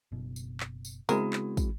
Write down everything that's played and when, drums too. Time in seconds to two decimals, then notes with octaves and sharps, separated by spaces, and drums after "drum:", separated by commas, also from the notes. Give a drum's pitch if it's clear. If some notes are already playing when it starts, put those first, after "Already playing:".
0.12 F#1 B2
0.36 drum: tambourine
0.60 drum: clap
0.85 drum: tambourine
1.09 C#3 G#3 B3 C4 E4 F#4 G#4 A#4, drum: tambourine
1.33 drum: clap
1.57 drum: kick, tambourine